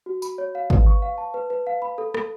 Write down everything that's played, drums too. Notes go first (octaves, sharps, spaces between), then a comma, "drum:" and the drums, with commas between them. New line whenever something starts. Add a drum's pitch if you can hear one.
F#4
B5, drum: tambourine
C#5
F5
B4, drum: kick
C#6
F5
A5
B4
B4
F5
B5
A4
A4, drum: rim click